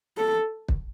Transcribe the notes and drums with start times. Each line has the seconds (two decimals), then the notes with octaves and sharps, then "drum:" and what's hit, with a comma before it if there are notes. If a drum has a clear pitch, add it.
0.18 A4
0.69 drum: kick